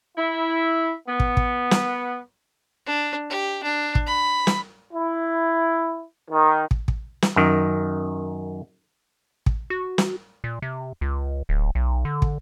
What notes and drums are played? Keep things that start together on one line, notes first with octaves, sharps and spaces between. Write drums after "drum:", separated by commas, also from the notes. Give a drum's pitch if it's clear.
E4
B3
drum: kick
drum: kick
drum: snare
D4
G4
D4
drum: kick
B5
drum: snare
E4
D#3
drum: kick
drum: kick
drum: snare
F#2 D#3
drum: kick
F#4
drum: snare
A#2
C3
C#2
D1
B1
D3
drum: kick